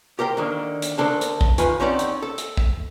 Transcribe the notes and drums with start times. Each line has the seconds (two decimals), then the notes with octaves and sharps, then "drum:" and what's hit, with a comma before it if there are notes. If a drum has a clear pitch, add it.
0.19 G4 A#4 C5 G5
0.37 D3 D#3 A#3
0.82 drum: hi-hat
0.98 D2 D4 A4 A#4 C5
1.21 drum: hi-hat
1.41 drum: kick A#1
1.58 D#3 F4 B4 G#5, drum: hi-hat
1.80 C4 C#4 D#4 G4 D5 F#5
1.99 drum: hi-hat
2.22 A4
2.38 drum: hi-hat
2.57 drum: kick A#1